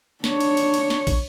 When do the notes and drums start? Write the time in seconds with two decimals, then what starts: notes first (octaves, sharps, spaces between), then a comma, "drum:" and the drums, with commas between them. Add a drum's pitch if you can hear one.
0.24 D4 C#5, drum: snare
0.40 drum: cymbal
0.57 drum: cymbal
0.74 drum: cymbal
0.90 drum: snare
1.07 drum: kick, cymbal